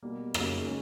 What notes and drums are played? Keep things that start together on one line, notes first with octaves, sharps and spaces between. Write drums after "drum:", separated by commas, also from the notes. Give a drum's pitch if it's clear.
B2 G3 A#3
C#3 F#3 A#3 D#4, drum: rim click
G#3 C#4